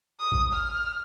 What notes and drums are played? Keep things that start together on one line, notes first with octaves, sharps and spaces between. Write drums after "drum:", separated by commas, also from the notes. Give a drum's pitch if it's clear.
D#6
drum: kick A1
F6